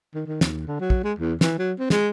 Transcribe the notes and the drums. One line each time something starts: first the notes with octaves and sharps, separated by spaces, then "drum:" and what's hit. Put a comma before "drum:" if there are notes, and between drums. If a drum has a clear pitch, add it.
D#3
D#3
D#2, drum: snare
D3
F#3
drum: kick
G#3
E2
E3, drum: snare
F#3
C4
G#3, drum: snare